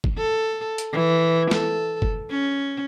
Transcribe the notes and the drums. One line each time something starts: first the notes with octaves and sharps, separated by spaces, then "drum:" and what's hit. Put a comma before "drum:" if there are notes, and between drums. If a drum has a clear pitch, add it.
drum: kick
A4
drum: hi-hat
E3
A4, drum: snare
drum: kick
C#4